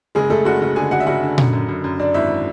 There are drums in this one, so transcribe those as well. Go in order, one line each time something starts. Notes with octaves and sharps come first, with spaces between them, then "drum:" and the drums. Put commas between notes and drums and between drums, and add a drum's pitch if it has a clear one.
F#1 G#3 G#4
F#1 A3 A4
F#1 F#4 F#5
F#1
D3 G#4 G#5
D3 F#4 F#5
E5
F#1 F#4 F#5
D3
F#2, drum: tom A#2
F#2
F#2
F#2
F#2 D4 D5
G#1 E4 E5